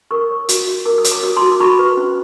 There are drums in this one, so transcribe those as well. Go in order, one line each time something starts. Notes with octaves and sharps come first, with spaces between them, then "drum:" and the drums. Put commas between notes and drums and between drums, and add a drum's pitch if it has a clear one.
A#4 C#6 D#6
C#5
F#4, drum: hi-hat
F#4
A#4 D6
D#6
C#5, drum: hi-hat
D6
F#4 D#6
C6 D6
F#4
D6
F#4 B5 C#6
B4
C#4